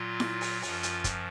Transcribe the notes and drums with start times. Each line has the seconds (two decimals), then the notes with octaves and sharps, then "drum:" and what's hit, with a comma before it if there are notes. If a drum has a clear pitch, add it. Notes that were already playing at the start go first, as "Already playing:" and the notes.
Already playing: A#2 F#3 F4
0.20 drum: snare E4
0.41 drum: open hi-hat
0.62 F#2 F3 F4, drum: open hi-hat
0.83 drum: hi-hat
1.04 drum: kick, hi-hat